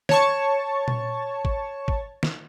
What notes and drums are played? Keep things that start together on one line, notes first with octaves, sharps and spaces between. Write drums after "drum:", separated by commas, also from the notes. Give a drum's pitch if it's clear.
C#5 A5 C#6, drum: snare
drum: tom A#2
drum: kick
drum: kick
drum: snare